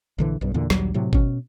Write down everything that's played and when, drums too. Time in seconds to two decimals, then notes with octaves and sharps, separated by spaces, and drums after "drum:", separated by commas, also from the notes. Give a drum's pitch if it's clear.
0.18 A#1 D3 E3
0.41 B1 G2
0.54 E2 A#2 D3
0.70 A#1 D#2 F#3 G3, drum: snare
0.94 A2 C3 F#3
1.13 B2 C#4, drum: kick G1